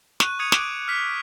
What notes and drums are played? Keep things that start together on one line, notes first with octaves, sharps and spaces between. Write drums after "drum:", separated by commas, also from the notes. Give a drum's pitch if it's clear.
C#6 F#6 D#7, drum: snare
D#6 G#6 C#7 D#7 F7
D6 F#6 D7, drum: snare
F6 B6 F7